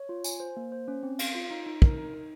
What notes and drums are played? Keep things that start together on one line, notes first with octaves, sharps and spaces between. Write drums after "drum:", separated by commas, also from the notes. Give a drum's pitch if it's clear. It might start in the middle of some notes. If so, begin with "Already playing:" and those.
Already playing: C#5
F4
G#5, drum: tambourine
C5
A#3
C5
C#4
C4
F5, drum: cymbal
F4
D#4
D#4
A#4, drum: kick
D#4
D#4